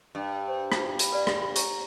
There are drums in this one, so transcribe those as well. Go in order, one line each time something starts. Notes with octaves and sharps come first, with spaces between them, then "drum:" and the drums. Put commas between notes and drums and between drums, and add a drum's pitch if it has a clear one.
G2
C5
drum: rim click
B5, drum: hi-hat
B4 D5 F5
drum: rim click
A#5 C#6, drum: hi-hat